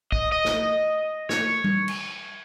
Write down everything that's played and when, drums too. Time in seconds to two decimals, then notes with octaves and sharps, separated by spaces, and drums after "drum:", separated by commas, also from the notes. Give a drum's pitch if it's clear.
0.12 D#5, drum: kick
0.32 D#5
0.45 drum: snare
1.29 C#5, drum: snare
1.64 drum: tom G3
1.88 drum: cymbal